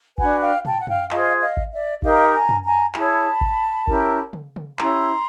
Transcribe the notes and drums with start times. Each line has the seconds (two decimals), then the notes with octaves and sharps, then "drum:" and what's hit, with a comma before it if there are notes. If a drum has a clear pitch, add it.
0.18 D4 F#4 B4 F#5 G#5, drum: kick G#1
0.41 F5 G5
0.65 G5 A5, drum: tom
0.78 F#5
0.87 F5 G5, drum: tom F#2
1.11 F4 G#4 C5 D#5 F5, drum: clap
1.41 D#5 F5
1.57 drum: kick G#1
1.72 D5 E5
2.02 D#4 G4 A#4 D#5 F5, drum: kick G#1
2.33 G#5 A#5
2.49 drum: tom F#2
2.65 G#5 A#5
2.94 E4 G#4 C#5 A5 B5, drum: clap
3.41 drum: kick G#1
3.87 C#4 E4 G4 A#4, drum: kick G#1
4.33 drum: tom C#3
4.56 drum: tom C#3
4.79 C#4 E4 G4 A#5 C6, drum: clap